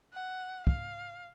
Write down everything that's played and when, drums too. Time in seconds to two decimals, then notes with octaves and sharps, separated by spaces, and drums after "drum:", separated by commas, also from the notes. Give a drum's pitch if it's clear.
0.13 F#5
0.67 F5, drum: kick